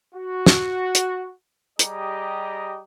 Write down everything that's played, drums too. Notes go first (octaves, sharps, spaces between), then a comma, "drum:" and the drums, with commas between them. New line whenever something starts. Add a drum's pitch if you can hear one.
F#4
drum: snare
drum: hi-hat
G3 G4 G#4 D#5 A#5 D#6, drum: hi-hat